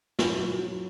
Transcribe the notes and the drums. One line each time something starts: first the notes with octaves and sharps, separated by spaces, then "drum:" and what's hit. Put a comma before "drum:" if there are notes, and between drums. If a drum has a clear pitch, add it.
F#3 F4, drum: snare
F#3
F#3